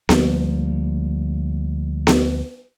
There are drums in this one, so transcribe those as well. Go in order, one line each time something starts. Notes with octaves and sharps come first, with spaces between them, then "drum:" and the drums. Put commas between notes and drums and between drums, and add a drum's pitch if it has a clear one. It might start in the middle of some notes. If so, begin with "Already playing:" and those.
D2 F3 G3 A#3, drum: snare B3
drum: snare B3